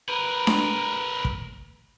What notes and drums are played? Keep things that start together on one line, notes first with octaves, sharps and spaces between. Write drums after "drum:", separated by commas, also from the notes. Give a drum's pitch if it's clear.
A#4 B4
drum: snare D4
drum: kick